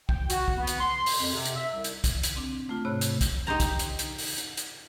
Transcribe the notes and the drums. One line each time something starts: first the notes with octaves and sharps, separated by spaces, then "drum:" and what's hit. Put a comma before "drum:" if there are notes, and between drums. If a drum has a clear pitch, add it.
G5, drum: kick
F#4, drum: hi-hat
drum: kick
B3
drum: hi-hat
C6
drum: open hi-hat
F2
C3
drum: hi-hat
E5
C2
drum: hi-hat
drum: kick, hi-hat
drum: hi-hat
C4 D4
A3 F4
G#2 C3 C#5 B5 F#6
drum: hi-hat
drum: kick, hi-hat
D#4 G4 C5 A#5
drum: kick, hi-hat
drum: hi-hat
drum: hi-hat
drum: open hi-hat
drum: hi-hat
drum: hi-hat